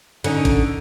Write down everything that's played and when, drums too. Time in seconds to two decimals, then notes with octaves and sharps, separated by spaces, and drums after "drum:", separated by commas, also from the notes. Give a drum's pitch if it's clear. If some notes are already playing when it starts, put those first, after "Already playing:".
0.24 D3 C#4 D#4, drum: hi-hat
0.45 drum: kick, hi-hat